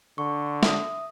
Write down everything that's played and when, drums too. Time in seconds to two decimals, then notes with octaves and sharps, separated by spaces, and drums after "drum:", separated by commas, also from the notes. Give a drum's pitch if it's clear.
0.18 D3 C#6
0.63 E5 D#6, drum: snare